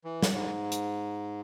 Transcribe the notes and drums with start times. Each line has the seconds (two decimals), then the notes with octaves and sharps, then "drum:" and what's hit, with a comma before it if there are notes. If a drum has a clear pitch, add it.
0.05 E3
0.22 drum: snare
0.33 G#2
0.72 drum: hi-hat